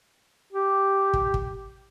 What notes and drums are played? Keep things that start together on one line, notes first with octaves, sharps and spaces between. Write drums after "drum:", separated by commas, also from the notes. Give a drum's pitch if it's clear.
G4
drum: kick
drum: kick